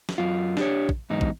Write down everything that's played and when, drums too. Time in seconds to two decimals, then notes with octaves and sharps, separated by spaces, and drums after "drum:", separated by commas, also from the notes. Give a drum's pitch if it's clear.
0.09 drum: snare
0.18 F#2 F4
0.57 D4 G4 C#5, drum: snare
0.89 drum: kick
1.10 E2 G#2 D#4
1.21 drum: kick